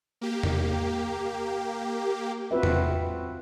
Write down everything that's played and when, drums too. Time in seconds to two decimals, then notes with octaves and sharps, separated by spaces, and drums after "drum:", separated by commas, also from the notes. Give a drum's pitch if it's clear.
0.21 A#3 G4
0.43 drum: tom E2
2.51 C4 F4 F#4 B4 E5
2.63 drum: tom E2